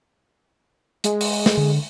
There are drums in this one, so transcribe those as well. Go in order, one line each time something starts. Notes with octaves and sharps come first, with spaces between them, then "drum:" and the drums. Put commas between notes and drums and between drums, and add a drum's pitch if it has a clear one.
G#3, drum: hi-hat
drum: open hi-hat
drum: snare
D3